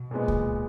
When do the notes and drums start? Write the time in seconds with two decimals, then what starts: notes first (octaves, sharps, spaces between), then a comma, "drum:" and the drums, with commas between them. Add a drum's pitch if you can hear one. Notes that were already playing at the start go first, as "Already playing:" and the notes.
Already playing: B2
0.11 A#2 G#3 B3
0.28 drum: kick C#2